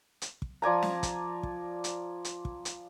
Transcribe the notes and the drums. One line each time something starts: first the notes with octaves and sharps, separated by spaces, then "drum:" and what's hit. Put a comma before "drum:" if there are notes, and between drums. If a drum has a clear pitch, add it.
drum: hi-hat
drum: kick
F3 D5 G#5 A#5
drum: snare
drum: kick, hi-hat
drum: kick
drum: hi-hat
drum: hi-hat
drum: kick
drum: hi-hat